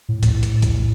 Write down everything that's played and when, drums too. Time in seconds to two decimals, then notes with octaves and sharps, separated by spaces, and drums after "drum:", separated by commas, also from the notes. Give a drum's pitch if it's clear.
0.09 A2
0.23 A2, drum: kick B1, hi-hat
0.43 drum: hi-hat
0.62 drum: kick B1, hi-hat